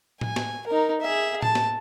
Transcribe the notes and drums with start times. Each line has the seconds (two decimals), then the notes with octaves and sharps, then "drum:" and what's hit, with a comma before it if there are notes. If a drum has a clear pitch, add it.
0.21 G#5, drum: tom A2
0.36 drum: snare
0.67 D#4 A#4
1.01 G#4 E5
1.42 A5, drum: tom A2
1.55 drum: snare